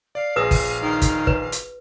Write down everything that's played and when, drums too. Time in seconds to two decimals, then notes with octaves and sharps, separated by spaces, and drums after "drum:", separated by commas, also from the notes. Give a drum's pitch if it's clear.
0.15 D5 F5
0.36 A#1 G#4 B4 D#6 E6 A#6
0.51 drum: kick, open hi-hat
0.82 D#3
1.02 drum: kick, hi-hat
1.27 B4, drum: kick
1.52 drum: hi-hat